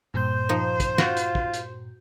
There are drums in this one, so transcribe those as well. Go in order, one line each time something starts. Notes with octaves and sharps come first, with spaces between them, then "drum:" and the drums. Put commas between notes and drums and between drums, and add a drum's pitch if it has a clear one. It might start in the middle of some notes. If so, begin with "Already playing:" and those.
G2 A#2 C5 G6
F3 D#4
drum: kick, hi-hat
F4 F#4, drum: snare
drum: hi-hat
drum: kick
drum: hi-hat